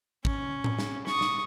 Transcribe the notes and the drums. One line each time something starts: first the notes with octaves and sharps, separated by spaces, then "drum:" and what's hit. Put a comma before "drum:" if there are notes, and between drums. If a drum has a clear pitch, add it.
C#4, drum: kick
drum: tom A2
drum: snare
C#6 D#6, drum: snare
drum: snare